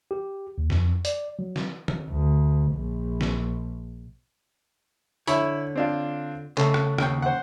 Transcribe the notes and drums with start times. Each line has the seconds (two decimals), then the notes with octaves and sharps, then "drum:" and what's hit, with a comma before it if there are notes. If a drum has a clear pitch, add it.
0.11 G4
0.58 D#2
0.70 F2, drum: snare
1.05 D5, drum: hi-hat
1.39 F#3
1.56 drum: snare
1.88 drum: tom D#3
2.10 D2
2.73 A#1
3.21 drum: snare
5.27 D3 E4 C#5 B5, drum: hi-hat
5.76 C4 D4 F4
6.57 C#3 A3, drum: clap
6.74 drum: rim click
6.98 D#2 C#3 G5, drum: rim click
7.22 C5 F#5